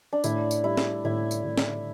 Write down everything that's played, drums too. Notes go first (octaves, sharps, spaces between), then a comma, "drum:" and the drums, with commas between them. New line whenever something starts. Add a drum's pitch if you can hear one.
D4
A2 E4, drum: tambourine
drum: tambourine
G3 E4
drum: snare
A2 E4
drum: tambourine
A2
drum: snare